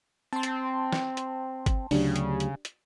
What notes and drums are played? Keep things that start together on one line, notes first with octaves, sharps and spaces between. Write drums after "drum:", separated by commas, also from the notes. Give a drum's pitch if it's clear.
C4 A5 C6
drum: hi-hat
drum: snare
drum: hi-hat
drum: kick, hi-hat
D2 C#3 F#3 D4 G4, drum: open hi-hat
drum: hi-hat
drum: hi-hat
drum: hi-hat